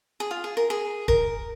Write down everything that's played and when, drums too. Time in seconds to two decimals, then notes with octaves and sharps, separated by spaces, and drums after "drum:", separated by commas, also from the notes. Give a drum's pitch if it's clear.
0.20 G#4
0.31 F4
0.44 G#4
0.57 A#4
0.70 G#4
1.08 A#4, drum: kick D#1